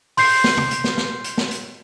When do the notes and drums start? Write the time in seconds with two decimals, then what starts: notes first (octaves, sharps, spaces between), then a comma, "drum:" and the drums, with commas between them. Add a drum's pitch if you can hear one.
0.17 C6 G6 C7, drum: open hi-hat
0.44 drum: snare
0.57 drum: tom
0.71 drum: hi-hat
0.84 drum: snare
0.97 drum: snare
1.24 drum: hi-hat
1.38 drum: snare
1.51 drum: hi-hat